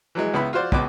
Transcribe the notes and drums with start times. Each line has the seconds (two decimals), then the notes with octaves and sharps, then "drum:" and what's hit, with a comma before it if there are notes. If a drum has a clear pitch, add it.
0.15 E3 F#3 G#3
0.34 C#2 B3 E4 B5
0.53 F4 F#4 C5 D5
0.72 C#2 B2 B4 D6, drum: kick